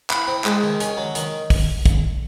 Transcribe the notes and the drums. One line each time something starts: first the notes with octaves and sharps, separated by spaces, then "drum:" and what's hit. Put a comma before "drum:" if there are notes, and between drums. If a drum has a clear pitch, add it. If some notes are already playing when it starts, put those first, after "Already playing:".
E4, drum: clap
C4
G#3, drum: clap
D#3
C#4, drum: hi-hat
F#3
D#3, drum: hi-hat
drum: kick, open hi-hat
drum: kick, hi-hat